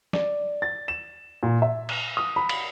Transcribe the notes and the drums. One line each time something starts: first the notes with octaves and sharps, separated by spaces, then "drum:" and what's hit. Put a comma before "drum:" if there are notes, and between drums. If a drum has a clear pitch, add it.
D5, drum: snare
A6
E7
A#2
E5
drum: cymbal
D#6
B5
drum: cymbal